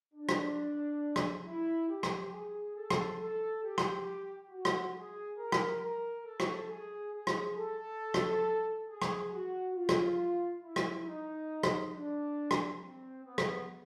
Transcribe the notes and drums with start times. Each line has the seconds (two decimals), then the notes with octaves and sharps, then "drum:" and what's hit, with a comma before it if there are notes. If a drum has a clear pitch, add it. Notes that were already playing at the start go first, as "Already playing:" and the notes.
0.14 D4
0.29 drum: rim click
1.16 drum: rim click
1.46 E4
1.89 G4
2.03 drum: rim click
2.32 G#4
2.76 A4
2.90 drum: rim click
3.20 A4
3.63 G4
3.78 drum: rim click
4.50 F#4
4.65 drum: rim click
4.94 G#4
5.38 A#4
5.52 drum: rim click
5.81 A#4
6.26 A4
6.40 drum: rim click
6.68 G#4
7.12 G#4
7.27 drum: rim click
7.56 A4
8.14 drum: rim click
8.88 G#4
9.02 drum: rim click
9.31 F#4
9.75 F4
9.89 drum: rim click
10.61 E4
10.76 drum: rim click
11.05 D#4
11.63 drum: rim click
11.92 D4
12.51 drum: rim click
12.80 C4
13.24 B3
13.38 drum: rim click